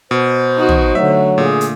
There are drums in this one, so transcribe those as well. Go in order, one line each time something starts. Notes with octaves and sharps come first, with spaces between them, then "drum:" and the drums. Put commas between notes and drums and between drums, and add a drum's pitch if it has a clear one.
B2 C5
D#4 F#4
drum: tom
D3 F#3 A3 E5
A#2 G#4
drum: hi-hat